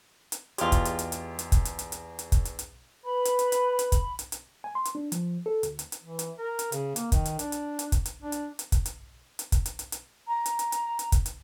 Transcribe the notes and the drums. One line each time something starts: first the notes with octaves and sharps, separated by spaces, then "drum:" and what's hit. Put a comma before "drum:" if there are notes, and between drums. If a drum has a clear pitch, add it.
drum: hi-hat
E2 G#3 F4 G4, drum: hi-hat
drum: kick, hi-hat
drum: hi-hat
drum: hi-hat
drum: hi-hat
drum: hi-hat
drum: kick, hi-hat
drum: hi-hat
drum: hi-hat
drum: hi-hat
drum: hi-hat
drum: kick, hi-hat
drum: hi-hat
drum: hi-hat
B4 B5
drum: hi-hat
drum: hi-hat
drum: hi-hat
drum: hi-hat
drum: kick, hi-hat
drum: hi-hat
drum: hi-hat
G#5
C6
drum: hi-hat
D4
F3, drum: hi-hat
A4
D2, drum: hi-hat
drum: hi-hat
drum: hi-hat
E3
drum: hi-hat
A#4
drum: hi-hat
C#3, drum: hi-hat
A#3, drum: hi-hat
D#3, drum: kick, hi-hat
drum: hi-hat
D4, drum: hi-hat
drum: hi-hat
drum: hi-hat
drum: kick, hi-hat
drum: hi-hat
D4
drum: hi-hat
drum: hi-hat
drum: kick, hi-hat
drum: hi-hat
drum: hi-hat
drum: kick, hi-hat
drum: hi-hat
drum: hi-hat
drum: hi-hat
A#5
drum: hi-hat
drum: hi-hat
drum: hi-hat
drum: hi-hat
drum: kick, hi-hat
drum: hi-hat